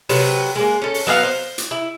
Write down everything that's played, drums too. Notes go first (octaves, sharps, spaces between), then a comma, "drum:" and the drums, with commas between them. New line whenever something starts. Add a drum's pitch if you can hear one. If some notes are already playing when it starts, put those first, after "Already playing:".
C3 F#3 B4, drum: open hi-hat
G#3 A#3
C#4 A4
drum: open hi-hat
F#3 B3 D4 F5
C5
drum: hi-hat
E4